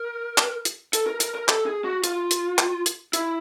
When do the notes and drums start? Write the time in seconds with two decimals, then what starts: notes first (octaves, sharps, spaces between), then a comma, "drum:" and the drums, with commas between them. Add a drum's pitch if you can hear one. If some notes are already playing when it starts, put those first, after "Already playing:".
Already playing: A#4
0.38 drum: clap
0.65 drum: hi-hat
0.93 A4, drum: hi-hat
1.07 A#4
1.20 A#4, drum: hi-hat
1.35 A#4
1.48 A4, drum: clap
1.66 G#4
1.84 F#4
2.04 F4, drum: hi-hat
2.31 drum: hi-hat
2.58 drum: clap
2.86 drum: hi-hat
3.13 E4, drum: hi-hat